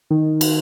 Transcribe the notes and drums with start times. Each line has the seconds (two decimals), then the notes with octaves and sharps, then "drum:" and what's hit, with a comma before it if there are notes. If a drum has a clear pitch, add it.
0.10 D#3
0.41 drum: cymbal